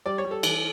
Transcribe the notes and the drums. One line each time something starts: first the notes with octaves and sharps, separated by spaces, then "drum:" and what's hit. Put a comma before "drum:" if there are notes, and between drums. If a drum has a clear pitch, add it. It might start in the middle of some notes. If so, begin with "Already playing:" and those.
G3 D5
C#5
G3
A4
E3, drum: cymbal